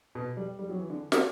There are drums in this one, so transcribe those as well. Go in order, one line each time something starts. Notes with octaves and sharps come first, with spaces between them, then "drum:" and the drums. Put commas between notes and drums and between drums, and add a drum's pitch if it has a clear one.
B2
G3
G3
F#3
E3
D3
drum: snare